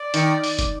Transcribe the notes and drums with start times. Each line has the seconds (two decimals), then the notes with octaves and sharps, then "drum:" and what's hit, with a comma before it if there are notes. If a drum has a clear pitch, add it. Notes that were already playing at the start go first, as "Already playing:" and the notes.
Already playing: D5
0.14 D#3, drum: hi-hat
0.44 drum: open hi-hat
0.59 drum: kick, hi-hat